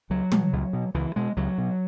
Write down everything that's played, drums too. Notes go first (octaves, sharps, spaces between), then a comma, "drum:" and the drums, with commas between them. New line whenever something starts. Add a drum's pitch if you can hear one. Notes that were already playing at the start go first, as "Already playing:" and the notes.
C#2 F#3
B2, drum: tom
C#2
B2
C#2 E3
B2 G#3
C#2 F#3
B2